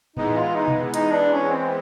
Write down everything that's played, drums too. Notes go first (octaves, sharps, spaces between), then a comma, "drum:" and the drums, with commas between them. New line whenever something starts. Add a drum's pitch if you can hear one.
E3 G#3 B3 D#4, drum: tom A2
F4
D#4
drum: tom B2
D#4, drum: hi-hat
D4
C#4
C4